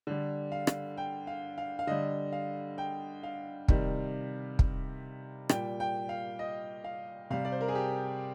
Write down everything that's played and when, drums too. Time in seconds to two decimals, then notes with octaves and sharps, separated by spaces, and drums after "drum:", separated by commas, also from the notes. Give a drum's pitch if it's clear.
0.07 D3 G3
0.52 F5
0.67 drum: rim click
0.97 G5
1.27 F5
1.58 F5
1.79 F5
1.87 D3 G3 D#5
2.32 F5
2.78 G5
3.23 F5
3.68 C3 D#3 G3, drum: kick
4.59 drum: kick
5.49 A#2 G3 G5, drum: rim click
5.80 G5
6.09 F5
6.39 D#5
6.84 F5
7.30 C3 G3 F5
7.45 D5
7.52 C5
7.61 A#4
7.68 G#4
7.75 G4